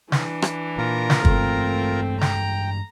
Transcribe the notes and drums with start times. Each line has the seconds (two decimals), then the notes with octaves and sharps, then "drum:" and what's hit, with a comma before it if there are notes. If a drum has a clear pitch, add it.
0.12 E3 D4, drum: snare
0.42 drum: rim click
0.78 A#2 A#3 F4 A#4 A#5
1.10 drum: snare
1.25 G2 E3 G#3 A3 C4, drum: kick
2.21 G5 A#5, drum: snare